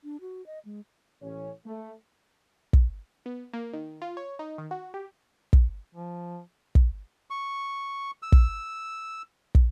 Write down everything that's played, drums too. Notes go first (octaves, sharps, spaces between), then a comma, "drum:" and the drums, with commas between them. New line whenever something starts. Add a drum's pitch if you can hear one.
D4
F#4
D#5
G#3
A1 C#4 C#5
A3
drum: kick
B3
A#3
D#3
F4
C#5
D#4
D#3
F#4
G4
drum: kick
F3
drum: kick
C#6
E6
drum: kick
drum: kick